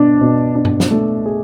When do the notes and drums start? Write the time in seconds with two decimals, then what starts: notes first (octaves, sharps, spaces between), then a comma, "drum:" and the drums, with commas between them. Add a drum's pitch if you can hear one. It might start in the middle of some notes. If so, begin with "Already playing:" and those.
Already playing: B2 D4
0.21 B2
0.56 D4
0.65 drum: tom G2
0.80 drum: snare
0.91 A3
1.26 G#4